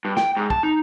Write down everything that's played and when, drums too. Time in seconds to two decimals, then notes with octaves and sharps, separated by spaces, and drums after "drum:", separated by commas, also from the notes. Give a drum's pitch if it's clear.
0.05 G2
0.17 G5, drum: snare
0.37 G#2
0.50 A5, drum: kick
0.63 D#4